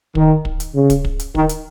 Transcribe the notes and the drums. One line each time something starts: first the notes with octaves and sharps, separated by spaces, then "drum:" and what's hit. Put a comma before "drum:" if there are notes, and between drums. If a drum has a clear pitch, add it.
D#3, drum: kick
drum: kick
drum: hi-hat
C#3
drum: kick, hi-hat
drum: kick
drum: hi-hat
D#3, drum: kick
drum: hi-hat